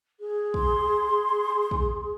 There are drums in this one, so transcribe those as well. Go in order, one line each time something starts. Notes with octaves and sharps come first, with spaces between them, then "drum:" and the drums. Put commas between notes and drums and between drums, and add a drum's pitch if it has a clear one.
G#4
C6, drum: kick
drum: kick